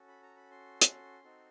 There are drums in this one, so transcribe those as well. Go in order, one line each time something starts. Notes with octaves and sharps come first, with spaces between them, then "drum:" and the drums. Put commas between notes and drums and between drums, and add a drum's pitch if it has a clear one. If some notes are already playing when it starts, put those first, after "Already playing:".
Already playing: C#4 F#4 A4
B5
A#5
B5
C6
drum: hi-hat
C4 D#4 F#4 A4